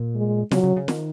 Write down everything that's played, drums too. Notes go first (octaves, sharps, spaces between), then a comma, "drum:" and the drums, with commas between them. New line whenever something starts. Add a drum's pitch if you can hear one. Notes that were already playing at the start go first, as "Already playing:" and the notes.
Already playing: A#2
G#3
C#3 F#3, drum: snare
C#3
C#3
D#3, drum: snare